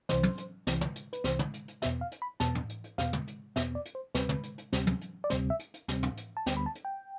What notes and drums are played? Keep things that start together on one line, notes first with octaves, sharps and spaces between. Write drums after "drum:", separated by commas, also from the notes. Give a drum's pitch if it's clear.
C2 C3 E3 C5, drum: snare
drum: tom
drum: hi-hat
C2 C3 E3, drum: snare
drum: tom
drum: hi-hat
B4, drum: hi-hat
C2 C3 E3 C5, drum: snare
drum: tom
drum: hi-hat
drum: hi-hat
E2 B2 B3 E5, drum: snare
F5
drum: hi-hat
B5
E2 B2 B3 A5, drum: snare
drum: tom
drum: hi-hat
drum: hi-hat
E2 B2 B3 F5, drum: snare
drum: tom
drum: hi-hat
E2 B2 B3 E5, drum: snare
D5
drum: hi-hat
C5
D2 C3 G3 C4 B4, drum: snare
drum: tom
drum: hi-hat
drum: hi-hat
D2 C3 G3 C4, drum: snare
drum: tom
drum: hi-hat
D5
D2 C3 G3 C4 C5, drum: snare
E5
drum: hi-hat
drum: hi-hat
D2 C3 G3 C4, drum: snare
drum: tom
drum: hi-hat
A5
D2 D3 G3 B3 G5, drum: snare
B5
A5
drum: hi-hat
G5